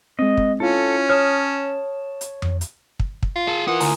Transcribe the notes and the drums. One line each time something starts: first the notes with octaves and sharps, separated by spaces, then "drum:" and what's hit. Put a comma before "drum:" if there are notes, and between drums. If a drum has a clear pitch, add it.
G#3 C4 D#5
drum: kick
C#4 E4 F4 A4
C#5 A5 D#6 F6
drum: hi-hat
drum: tom F2
drum: hi-hat
drum: kick
drum: kick
F4
G#4 A5
E4 F4 A#4 B4 F#5 D#6
D2 E4 G#5 A#5, drum: open hi-hat